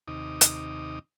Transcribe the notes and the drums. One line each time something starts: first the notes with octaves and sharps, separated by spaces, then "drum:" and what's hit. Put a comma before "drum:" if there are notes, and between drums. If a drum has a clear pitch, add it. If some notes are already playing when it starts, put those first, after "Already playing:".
D#2 C3 D#4 D6 D#6
drum: hi-hat